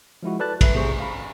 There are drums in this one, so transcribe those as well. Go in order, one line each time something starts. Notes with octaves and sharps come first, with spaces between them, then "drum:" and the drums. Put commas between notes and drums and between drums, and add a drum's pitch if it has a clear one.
F3 G#3 E4 F#4
A4 B4 D5 A5 F#6 A6
A4 B4 E5, drum: kick, cymbal
G#1 C3 A3 G#4 C5 C#6
F5 B5